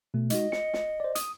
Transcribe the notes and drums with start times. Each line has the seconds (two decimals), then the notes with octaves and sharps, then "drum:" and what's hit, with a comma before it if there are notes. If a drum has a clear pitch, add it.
0.14 B2 A3
0.30 G#3 D#4 F#4 D#5, drum: hi-hat
0.52 C#7, drum: snare
0.74 drum: snare
1.00 C5 D5
1.15 D#6, drum: hi-hat